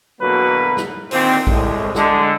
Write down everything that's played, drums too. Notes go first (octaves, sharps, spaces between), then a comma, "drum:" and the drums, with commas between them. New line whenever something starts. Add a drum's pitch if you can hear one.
E2 B2 D3 F#3 A#3 B4
drum: snare
A#2 D3 D#3 C4, drum: open hi-hat
C2 A2 G#3, drum: kick A#1
D3 G#3, drum: snare